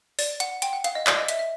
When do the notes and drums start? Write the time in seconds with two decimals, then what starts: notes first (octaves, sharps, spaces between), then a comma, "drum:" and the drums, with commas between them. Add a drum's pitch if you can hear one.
0.19 D5, drum: open hi-hat
0.40 F#5, drum: hi-hat
0.62 G5, drum: hi-hat
0.73 F#5
0.84 F5, drum: hi-hat
0.95 D#5
1.07 D5, drum: clap
1.18 D#5
1.28 E5, drum: hi-hat
1.39 E5